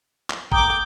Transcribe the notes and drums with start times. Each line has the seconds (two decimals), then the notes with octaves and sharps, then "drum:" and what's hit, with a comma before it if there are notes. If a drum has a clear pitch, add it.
0.30 drum: clap
0.52 G5 A#5 D6 D#6 G6, drum: kick